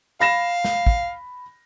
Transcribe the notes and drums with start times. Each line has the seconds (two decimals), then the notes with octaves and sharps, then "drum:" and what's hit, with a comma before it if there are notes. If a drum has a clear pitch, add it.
0.20 F5 B5 A#6 E7
0.64 drum: snare
0.87 drum: kick